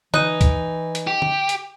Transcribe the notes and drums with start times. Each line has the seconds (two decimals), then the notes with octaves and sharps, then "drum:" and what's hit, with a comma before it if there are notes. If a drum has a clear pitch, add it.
0.14 E3 D#4 F#6 D#7, drum: tom D3
0.41 drum: kick C#2, hi-hat
0.95 drum: hi-hat
1.07 G4
1.22 drum: tom D3
1.49 drum: hi-hat